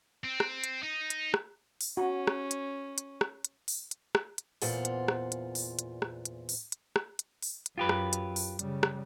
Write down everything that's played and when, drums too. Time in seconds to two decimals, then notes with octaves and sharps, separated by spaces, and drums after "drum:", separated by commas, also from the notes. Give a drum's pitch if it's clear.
0.24 C4
0.40 drum: rim click
0.64 drum: hi-hat
0.83 D#4
1.10 drum: hi-hat
1.34 drum: rim click
1.81 drum: open hi-hat
1.97 C#4 F#4
2.27 drum: rim click
2.51 drum: hi-hat
2.98 drum: hi-hat
3.21 drum: rim click
3.45 drum: hi-hat
3.68 drum: open hi-hat
3.91 drum: hi-hat
4.15 drum: rim click
4.38 drum: hi-hat
4.62 E2 A#2 F4 C5 F#5, drum: open hi-hat
4.85 drum: hi-hat
5.08 drum: rim click
5.32 drum: hi-hat
5.55 drum: open hi-hat
5.79 drum: hi-hat
6.02 drum: rim click
6.25 drum: hi-hat
6.49 drum: open hi-hat
6.72 drum: hi-hat
6.96 drum: rim click
7.19 drum: hi-hat
7.43 drum: open hi-hat
7.66 drum: hi-hat
7.78 F#2 F4 G4 B4
7.89 drum: rim click
8.13 drum: hi-hat
8.36 drum: open hi-hat
8.59 C#3 G3, drum: hi-hat
8.83 drum: rim click